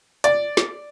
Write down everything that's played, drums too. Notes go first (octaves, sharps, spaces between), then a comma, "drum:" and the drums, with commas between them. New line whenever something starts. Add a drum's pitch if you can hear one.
D5, drum: hi-hat
drum: snare